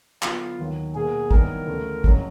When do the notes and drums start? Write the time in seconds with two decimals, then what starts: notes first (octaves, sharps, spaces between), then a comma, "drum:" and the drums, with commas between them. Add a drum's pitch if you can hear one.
0.22 D3 F#3 B3 E4 F4, drum: clap
0.59 D#2 D#3 F#3
0.95 B2 F#3 A#3 G#4
1.31 G2 D#3 F#3 B3 E4 A#4, drum: kick
1.67 D2 C#3 E3 A3
2.04 F2 C#3 F#3, drum: kick